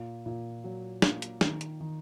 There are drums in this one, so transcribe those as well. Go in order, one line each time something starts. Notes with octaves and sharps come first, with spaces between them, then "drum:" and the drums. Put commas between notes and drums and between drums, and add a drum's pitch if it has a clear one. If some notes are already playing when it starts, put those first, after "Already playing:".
Already playing: A#2
A#2
F#3
A#3, drum: snare
drum: hi-hat
D#3, drum: snare
drum: hi-hat
D#3